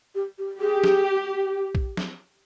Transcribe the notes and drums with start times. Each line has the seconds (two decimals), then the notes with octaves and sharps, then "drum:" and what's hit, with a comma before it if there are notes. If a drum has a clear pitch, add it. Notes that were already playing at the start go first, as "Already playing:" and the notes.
0.15 G4
0.38 G4
0.60 G4 G#4
0.84 drum: snare
1.75 drum: kick
1.97 drum: snare